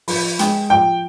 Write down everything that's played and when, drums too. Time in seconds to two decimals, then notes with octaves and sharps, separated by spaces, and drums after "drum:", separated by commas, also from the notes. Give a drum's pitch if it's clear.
0.08 F3 B5, drum: open hi-hat
0.39 G#3 G5, drum: hi-hat
0.70 F3 G5